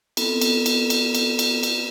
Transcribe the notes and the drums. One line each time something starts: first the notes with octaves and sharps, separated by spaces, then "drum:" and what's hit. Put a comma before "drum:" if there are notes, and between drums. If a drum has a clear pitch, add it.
B3 C4 E4 A4, drum: cymbal
drum: cymbal
drum: cymbal
drum: cymbal
drum: cymbal
drum: cymbal
drum: cymbal